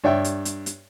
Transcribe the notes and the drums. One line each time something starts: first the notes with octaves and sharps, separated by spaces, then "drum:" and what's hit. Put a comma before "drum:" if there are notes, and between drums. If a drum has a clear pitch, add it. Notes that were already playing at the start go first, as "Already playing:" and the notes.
G2 C#5 D5 E5 G5
drum: hi-hat
drum: hi-hat
drum: hi-hat